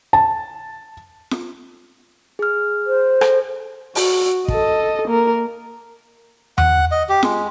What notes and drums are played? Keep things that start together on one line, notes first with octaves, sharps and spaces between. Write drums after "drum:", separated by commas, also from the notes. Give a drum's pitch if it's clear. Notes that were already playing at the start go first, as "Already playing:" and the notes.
A5
drum: snare F4
G#4 F6
C5
A4, drum: rim click
F#4, drum: open hi-hat
A4 D#5, drum: kick
A#3 A#4
F#5, drum: tom E2
D#5
G4
G#3, drum: snare F4